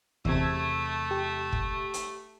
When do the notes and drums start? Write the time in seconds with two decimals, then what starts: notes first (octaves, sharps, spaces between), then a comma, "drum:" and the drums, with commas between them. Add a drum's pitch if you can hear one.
0.25 E2 C3 A3 E6 G#6, drum: kick
1.11 G4
1.52 drum: kick
1.94 drum: hi-hat